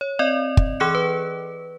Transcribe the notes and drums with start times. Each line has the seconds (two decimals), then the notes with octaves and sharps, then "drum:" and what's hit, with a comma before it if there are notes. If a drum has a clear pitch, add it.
0.01 C#5
0.19 C4 D5 D#5
0.57 drum: kick
0.80 E3 G#4 D6 F#6 C#7
0.95 B4